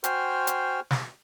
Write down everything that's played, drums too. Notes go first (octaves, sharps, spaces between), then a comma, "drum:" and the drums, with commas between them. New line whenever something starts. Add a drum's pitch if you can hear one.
F#4 C5 G5 G#5 C6 F6, drum: hi-hat
drum: hi-hat
drum: snare